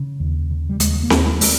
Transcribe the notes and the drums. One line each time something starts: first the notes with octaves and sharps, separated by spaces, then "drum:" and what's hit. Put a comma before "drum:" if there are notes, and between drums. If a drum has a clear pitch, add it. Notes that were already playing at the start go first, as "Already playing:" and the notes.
Already playing: C#3
D#2
C#3
G3
D#2 G#3, drum: hi-hat
A#3
D#2, drum: snare C4
B3
A#3
G#3, drum: open hi-hat